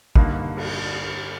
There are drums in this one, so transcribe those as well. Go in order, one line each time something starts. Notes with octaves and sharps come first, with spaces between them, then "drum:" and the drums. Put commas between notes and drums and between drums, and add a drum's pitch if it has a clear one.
G2 D3 G3 A#3 D#4, drum: kick
drum: cymbal